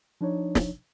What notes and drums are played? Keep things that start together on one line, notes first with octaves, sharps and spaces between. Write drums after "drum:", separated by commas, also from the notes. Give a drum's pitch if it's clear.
F3 D4 D#4 C#5
drum: snare